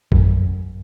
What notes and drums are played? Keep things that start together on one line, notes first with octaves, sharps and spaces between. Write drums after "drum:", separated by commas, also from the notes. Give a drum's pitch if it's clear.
F#2, drum: kick A1